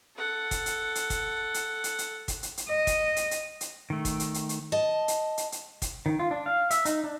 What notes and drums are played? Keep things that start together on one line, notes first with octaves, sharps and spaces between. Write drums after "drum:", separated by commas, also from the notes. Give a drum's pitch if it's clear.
A4 F#5
drum: kick, hi-hat
drum: hi-hat
drum: hi-hat
drum: kick, hi-hat
drum: hi-hat
drum: hi-hat
drum: hi-hat
drum: kick, hi-hat
drum: hi-hat
drum: hi-hat
D#5
drum: kick, hi-hat
drum: hi-hat
drum: hi-hat
drum: hi-hat
D#3 A3
drum: kick, hi-hat
drum: hi-hat
drum: hi-hat
drum: hi-hat
D#5 A5
drum: hi-hat
drum: hi-hat
drum: hi-hat
drum: kick, hi-hat
D#3
F4
D4
F5
E5, drum: hi-hat
D#4, drum: hi-hat
D4